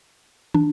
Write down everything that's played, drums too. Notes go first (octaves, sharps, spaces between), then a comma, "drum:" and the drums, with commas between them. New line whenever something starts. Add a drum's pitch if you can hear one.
D4, drum: tom